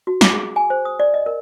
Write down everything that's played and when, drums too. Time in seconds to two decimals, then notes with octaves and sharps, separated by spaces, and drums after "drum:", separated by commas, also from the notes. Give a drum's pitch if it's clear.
0.07 F#4
0.21 D6, drum: snare
0.34 G#4
0.56 G#5
0.70 C5
0.85 D#6
1.00 D5
1.14 D#5
1.26 A#4